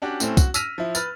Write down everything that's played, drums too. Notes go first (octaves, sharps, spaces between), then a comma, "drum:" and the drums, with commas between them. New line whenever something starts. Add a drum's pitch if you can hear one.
C#4 D4 F#4 G4
A2 A3 C4 C#4, drum: tambourine
F#4, drum: kick, tambourine
E6 F6 A#6 B6 D#7 F7, drum: tambourine
F3 E4
B4 F6 A6, drum: tambourine